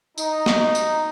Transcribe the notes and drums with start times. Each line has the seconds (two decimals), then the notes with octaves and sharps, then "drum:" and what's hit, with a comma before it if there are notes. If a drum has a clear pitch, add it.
0.18 D#4, drum: tambourine
0.46 drum: snare
0.75 drum: tambourine